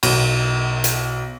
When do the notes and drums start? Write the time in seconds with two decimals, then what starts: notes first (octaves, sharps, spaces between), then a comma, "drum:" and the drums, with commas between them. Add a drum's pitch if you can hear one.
0.03 B1, drum: cymbal
0.84 drum: hi-hat